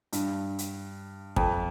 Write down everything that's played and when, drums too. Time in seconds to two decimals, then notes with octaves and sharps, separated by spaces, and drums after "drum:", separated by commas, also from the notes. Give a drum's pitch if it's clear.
0.13 G2, drum: hi-hat
0.59 drum: hi-hat
1.36 F2, drum: kick